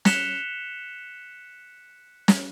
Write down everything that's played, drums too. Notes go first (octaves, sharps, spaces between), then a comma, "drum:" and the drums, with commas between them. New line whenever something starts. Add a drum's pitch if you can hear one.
F#6 B6 C#7 E7 F7 G7, drum: snare
drum: snare